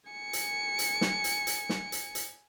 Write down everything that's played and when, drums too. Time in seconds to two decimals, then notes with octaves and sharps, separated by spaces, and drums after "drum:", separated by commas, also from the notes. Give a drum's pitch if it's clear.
0.10 G#5 C#7
0.33 drum: hi-hat
0.79 drum: hi-hat
1.01 drum: snare
1.24 drum: hi-hat
1.47 drum: hi-hat
1.69 drum: snare
1.92 drum: hi-hat
2.15 drum: hi-hat